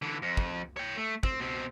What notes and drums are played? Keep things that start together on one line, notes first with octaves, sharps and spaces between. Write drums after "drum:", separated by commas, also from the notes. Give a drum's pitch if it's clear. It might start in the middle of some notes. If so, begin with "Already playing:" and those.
D3 E3
F2
drum: kick
C#5 G5
A3
C4, drum: kick
B2 C4